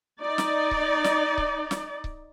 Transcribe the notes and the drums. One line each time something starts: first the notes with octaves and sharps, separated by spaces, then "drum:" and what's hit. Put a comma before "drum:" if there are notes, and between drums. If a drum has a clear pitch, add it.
D#4 D5
drum: snare
drum: kick C#1
drum: snare
drum: kick C#1
drum: snare
drum: kick C#1